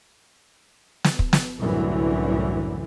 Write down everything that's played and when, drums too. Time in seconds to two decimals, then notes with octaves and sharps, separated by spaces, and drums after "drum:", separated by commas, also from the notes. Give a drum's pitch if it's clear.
1.04 drum: snare
1.19 drum: kick
1.33 drum: snare
1.59 C2 F#2 A2 D3 E3